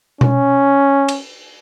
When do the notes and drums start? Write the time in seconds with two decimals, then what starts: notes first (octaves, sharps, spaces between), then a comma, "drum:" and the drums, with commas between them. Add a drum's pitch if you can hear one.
0.21 C#4, drum: tom B2
1.08 drum: cymbal